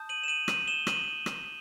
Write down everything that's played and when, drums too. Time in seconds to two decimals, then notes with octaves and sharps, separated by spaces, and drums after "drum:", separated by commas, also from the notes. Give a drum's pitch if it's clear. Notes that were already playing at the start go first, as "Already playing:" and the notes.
Already playing: A5 D#6 G6
0.09 D#7 F#7
0.24 E7
0.28 D#7 F#7
0.48 D#7 F#7, drum: rim click
0.67 E7 G7
0.87 D#7 F#7, drum: rim click
1.26 drum: rim click